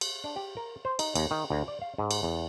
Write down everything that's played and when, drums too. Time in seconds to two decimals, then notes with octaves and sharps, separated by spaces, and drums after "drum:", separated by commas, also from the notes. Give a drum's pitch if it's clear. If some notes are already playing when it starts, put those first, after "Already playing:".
0.01 drum: cymbal
0.24 D4
0.36 G4
0.57 A#4
0.85 C5
0.99 D#4, drum: cymbal
1.15 D#2, drum: cymbal
1.31 D#3
1.50 D2
1.68 D5
1.82 F5
1.98 G#2
2.11 drum: cymbal
2.23 E2